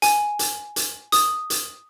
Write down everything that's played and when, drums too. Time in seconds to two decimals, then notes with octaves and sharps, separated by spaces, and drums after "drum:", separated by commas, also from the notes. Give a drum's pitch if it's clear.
0.02 G#5, drum: hi-hat
0.39 drum: hi-hat
0.76 drum: hi-hat
1.12 D#6, drum: hi-hat
1.50 drum: hi-hat